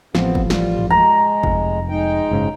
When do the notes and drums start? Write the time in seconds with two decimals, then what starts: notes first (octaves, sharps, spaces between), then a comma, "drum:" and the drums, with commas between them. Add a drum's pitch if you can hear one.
0.15 A1 F3 B3 C4, drum: snare
0.35 drum: kick
0.50 G3 F4, drum: snare
0.78 drum: tom
0.90 G#3 A#5
1.43 F1, drum: kick
1.89 G#3 D#4 G5
2.31 F#1 G#2 C#3